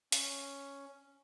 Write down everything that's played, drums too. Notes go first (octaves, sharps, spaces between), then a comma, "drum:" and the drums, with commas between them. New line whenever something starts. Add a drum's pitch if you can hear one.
C#4, drum: hi-hat